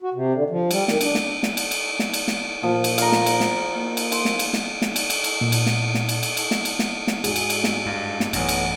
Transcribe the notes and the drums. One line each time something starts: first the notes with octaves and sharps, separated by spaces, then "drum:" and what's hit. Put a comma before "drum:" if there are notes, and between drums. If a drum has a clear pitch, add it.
F#4
C3
D3
F3
G3, drum: cymbal
D#3, drum: snare
D4, drum: cymbal
drum: snare
drum: snare
drum: cymbal
drum: cymbal
drum: snare
drum: cymbal
drum: snare
A#2 F3
drum: cymbal
F5 A#5, drum: cymbal
drum: snare
drum: cymbal
drum: snare
A#3
drum: cymbal
C6, drum: cymbal
drum: snare
drum: cymbal
drum: snare
drum: snare
drum: cymbal
drum: cymbal
drum: cymbal
A#2
drum: cymbal
drum: snare
drum: snare
drum: cymbal
drum: cymbal
drum: cymbal
drum: snare
drum: cymbal
drum: snare
drum: snare
G#2 F#4 G#4, drum: cymbal
drum: cymbal
drum: cymbal
drum: snare
G2 F5
drum: snare
A1 F#2 B3 C#4, drum: cymbal
drum: cymbal